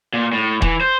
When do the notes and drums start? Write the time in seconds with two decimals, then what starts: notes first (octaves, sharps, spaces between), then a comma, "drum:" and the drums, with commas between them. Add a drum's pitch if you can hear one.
0.14 A#2
0.33 A2
0.62 E3, drum: kick D#1
0.81 C5